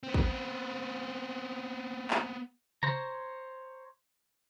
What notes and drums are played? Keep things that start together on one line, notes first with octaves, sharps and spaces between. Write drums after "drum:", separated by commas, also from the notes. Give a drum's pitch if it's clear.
B3 C4
drum: kick
drum: clap
C5 C#5 A#5, drum: tom C3